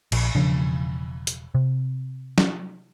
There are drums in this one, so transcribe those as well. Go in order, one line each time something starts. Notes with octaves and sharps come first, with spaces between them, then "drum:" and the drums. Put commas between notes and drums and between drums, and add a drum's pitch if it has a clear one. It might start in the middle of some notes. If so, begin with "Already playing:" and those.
A#1, drum: cymbal
E1 C#3 F3 D4
drum: hi-hat
C3
drum: snare